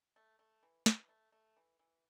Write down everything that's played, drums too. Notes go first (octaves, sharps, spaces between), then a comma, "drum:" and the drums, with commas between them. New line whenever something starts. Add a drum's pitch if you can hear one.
A3
A3
E3
E3, drum: snare
A3
A3
E3
E3